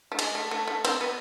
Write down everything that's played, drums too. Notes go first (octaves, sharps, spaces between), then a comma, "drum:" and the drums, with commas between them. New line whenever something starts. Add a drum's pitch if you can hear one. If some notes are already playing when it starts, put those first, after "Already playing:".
A3
G#3, drum: cymbal
A3
A3
A3
C4, drum: cymbal
B3